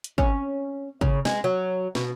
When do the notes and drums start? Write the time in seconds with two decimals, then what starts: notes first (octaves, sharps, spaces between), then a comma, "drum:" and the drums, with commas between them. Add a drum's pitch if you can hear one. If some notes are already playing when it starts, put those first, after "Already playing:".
0.04 drum: hi-hat
0.18 C#4, drum: kick
1.01 C#3, drum: kick
1.25 G#3, drum: snare
1.44 F#3
1.95 B2, drum: snare